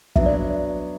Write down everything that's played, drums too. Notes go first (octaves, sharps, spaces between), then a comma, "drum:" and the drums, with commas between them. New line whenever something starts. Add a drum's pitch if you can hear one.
F#3 B3 D4 E5, drum: kick
D5